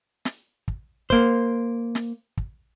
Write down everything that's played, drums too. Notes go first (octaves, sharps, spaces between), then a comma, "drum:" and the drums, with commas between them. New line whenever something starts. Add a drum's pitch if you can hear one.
drum: snare
drum: kick
A#3 C5, drum: kick
drum: snare
drum: kick